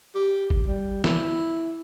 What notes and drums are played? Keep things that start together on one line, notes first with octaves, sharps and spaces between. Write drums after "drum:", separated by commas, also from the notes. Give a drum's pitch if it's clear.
G4
drum: kick G1
G3
E4, drum: snare